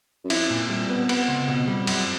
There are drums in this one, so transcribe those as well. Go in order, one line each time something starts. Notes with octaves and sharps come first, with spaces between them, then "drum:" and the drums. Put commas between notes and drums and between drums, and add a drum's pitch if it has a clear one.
F#2
F2 E4, drum: cymbal
A#2
G3
B3
B3, drum: cymbal
C#2
B2
G3
F#2, drum: cymbal